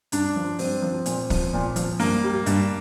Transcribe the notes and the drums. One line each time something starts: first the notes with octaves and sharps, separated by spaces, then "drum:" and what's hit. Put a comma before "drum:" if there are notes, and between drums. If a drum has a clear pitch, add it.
G2 D4, drum: hi-hat
F3
G2 C4, drum: open hi-hat
F3
A#2, drum: hi-hat
F3, drum: kick, open hi-hat
A#2
F3, drum: hi-hat
G2 A#3, drum: open hi-hat
G3
G2, drum: hi-hat